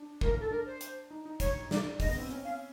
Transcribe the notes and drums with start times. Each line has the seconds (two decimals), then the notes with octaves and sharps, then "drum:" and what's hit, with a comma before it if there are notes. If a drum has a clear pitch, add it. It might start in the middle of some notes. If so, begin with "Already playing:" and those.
Already playing: D4
0.21 A#4, drum: kick
0.40 A4
0.51 D4 A#4
0.66 C5
0.81 drum: hi-hat
1.11 D#4
1.25 D#4
1.40 C#5, drum: kick, hi-hat
1.71 D5, drum: snare
2.00 D#5, drum: kick, open hi-hat
2.08 B3
2.19 C4
2.30 C#4
2.45 C#4 F5